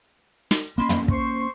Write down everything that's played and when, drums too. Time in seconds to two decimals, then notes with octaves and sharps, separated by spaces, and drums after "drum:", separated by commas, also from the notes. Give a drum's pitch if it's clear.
0.51 drum: snare
0.78 A#3 B3 C#4 D#5 B5 C6
0.89 drum: tom
1.08 C5 C6 C#6, drum: kick